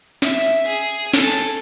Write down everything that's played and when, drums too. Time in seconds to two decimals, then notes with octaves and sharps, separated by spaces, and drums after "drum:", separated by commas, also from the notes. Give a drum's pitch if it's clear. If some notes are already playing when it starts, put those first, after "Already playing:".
0.22 E5, drum: snare
0.66 G#4, drum: hi-hat
1.14 A4 G#5, drum: snare